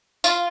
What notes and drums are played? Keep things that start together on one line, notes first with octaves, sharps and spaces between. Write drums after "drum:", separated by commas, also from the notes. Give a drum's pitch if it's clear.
F4, drum: tambourine